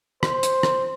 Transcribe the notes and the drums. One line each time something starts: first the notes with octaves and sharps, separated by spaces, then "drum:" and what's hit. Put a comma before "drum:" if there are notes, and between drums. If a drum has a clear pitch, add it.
C5, drum: rim click
drum: hi-hat
drum: rim click